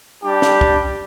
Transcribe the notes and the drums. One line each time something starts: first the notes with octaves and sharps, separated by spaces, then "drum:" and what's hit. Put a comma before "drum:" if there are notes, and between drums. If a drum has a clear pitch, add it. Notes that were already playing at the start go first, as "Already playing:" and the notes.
G3 D4 G4 D5 G5
drum: snare
drum: kick